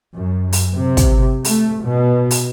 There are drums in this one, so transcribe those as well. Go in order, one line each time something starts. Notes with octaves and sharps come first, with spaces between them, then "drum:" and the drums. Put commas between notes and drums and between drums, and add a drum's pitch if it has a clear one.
F#2
drum: open hi-hat
C3
drum: kick, hi-hat
A3, drum: open hi-hat
B2
drum: open hi-hat